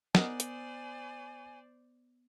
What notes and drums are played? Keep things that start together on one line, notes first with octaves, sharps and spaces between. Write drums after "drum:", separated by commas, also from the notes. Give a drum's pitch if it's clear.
B3 A#4 C5 D5 D#5 F#5 G#5, drum: snare
drum: hi-hat